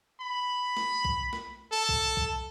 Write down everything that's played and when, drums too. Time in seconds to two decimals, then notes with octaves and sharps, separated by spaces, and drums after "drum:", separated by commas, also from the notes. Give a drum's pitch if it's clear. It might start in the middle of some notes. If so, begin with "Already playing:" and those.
0.20 B5
0.77 drum: snare
1.05 drum: kick
1.33 drum: snare
1.72 A4
1.89 drum: kick
2.17 drum: kick